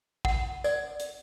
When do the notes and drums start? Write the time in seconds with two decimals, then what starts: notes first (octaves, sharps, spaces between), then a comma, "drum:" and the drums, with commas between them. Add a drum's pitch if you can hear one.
0.25 F#5, drum: kick
0.64 D5, drum: tambourine
1.00 drum: hi-hat